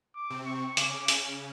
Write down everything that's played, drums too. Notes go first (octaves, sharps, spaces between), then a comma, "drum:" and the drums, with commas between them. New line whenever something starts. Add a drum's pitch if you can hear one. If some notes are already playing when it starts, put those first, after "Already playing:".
D6
C3 C4
C#6
C#3 C#4 D6, drum: hi-hat
drum: hi-hat